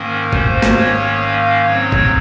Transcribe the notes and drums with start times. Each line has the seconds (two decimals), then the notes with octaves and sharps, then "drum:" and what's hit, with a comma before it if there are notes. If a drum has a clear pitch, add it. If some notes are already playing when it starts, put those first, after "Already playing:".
Already playing: G#2 D#3 A#3 C#4 A#4
0.33 C5, drum: kick G1
0.62 drum: snare
0.77 C#5
1.21 F5
1.65 G#2 F#3 C4 C#5
1.92 drum: kick G1